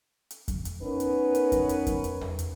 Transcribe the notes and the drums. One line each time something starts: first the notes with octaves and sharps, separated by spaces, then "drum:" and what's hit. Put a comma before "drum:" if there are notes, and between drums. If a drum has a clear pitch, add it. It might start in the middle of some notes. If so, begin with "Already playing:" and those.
drum: hi-hat
drum: kick F2, hi-hat
drum: hi-hat
B3 C#4 D#4 A#4 B4
drum: hi-hat
drum: hi-hat
drum: kick F2, hi-hat
drum: hi-hat
drum: kick F2, hi-hat
drum: hi-hat
drum: tom E2
drum: hi-hat